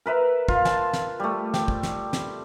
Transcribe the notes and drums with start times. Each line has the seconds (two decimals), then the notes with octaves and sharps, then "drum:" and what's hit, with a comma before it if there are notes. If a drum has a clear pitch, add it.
0.06 A#4 B4 E5
0.48 F4, drum: kick
0.65 A5, drum: snare
0.93 drum: snare
1.20 G3 A3
1.54 G5, drum: snare
1.68 drum: kick
1.83 drum: snare
2.13 drum: snare